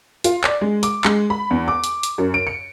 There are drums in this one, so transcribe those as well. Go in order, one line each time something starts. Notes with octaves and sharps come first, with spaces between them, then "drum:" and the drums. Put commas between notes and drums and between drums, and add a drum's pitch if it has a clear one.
F4, drum: hi-hat
D5, drum: clap
G#3
D6, drum: hi-hat
G#3, drum: clap
B5
E2
D6
drum: hi-hat
drum: hi-hat
F#2
D7
C#7